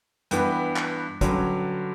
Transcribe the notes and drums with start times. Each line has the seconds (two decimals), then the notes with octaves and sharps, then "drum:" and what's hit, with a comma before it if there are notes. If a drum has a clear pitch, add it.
0.31 G2 E3 B3, drum: hi-hat
0.76 drum: clap
1.21 G2 D3 F#3 C#4, drum: kick, hi-hat